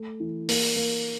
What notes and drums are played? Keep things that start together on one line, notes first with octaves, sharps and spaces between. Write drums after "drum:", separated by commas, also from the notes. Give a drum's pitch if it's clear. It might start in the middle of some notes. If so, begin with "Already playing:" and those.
Already playing: A3
E3
A#3, drum: open hi-hat
A#3